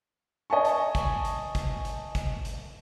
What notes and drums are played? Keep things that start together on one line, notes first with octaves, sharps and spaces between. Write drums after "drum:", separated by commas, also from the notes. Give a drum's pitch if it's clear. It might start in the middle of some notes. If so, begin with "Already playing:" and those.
D#5 G#5 A5 C#6
drum: hi-hat
drum: kick, hi-hat
drum: hi-hat
drum: kick, hi-hat
drum: hi-hat
drum: kick, hi-hat
drum: hi-hat